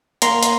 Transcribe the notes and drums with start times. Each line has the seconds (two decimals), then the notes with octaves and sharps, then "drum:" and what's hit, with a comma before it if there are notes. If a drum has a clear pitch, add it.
0.22 A#3 A#5 C6, drum: hi-hat
0.43 drum: hi-hat